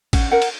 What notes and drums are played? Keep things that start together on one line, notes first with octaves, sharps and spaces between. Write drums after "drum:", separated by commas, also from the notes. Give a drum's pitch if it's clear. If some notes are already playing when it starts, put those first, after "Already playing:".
C#4 F#5, drum: kick, cymbal
A#4 F#5
drum: cymbal